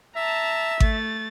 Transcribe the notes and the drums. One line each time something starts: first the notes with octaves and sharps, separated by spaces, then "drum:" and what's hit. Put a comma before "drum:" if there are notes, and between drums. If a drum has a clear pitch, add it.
E5 A5 A#5
A3 A6, drum: kick G#1